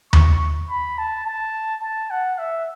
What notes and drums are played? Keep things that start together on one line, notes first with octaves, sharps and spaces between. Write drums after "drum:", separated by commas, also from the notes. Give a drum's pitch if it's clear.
C#6, drum: tom D#2
B5
A5
A5
A5
F#5
E5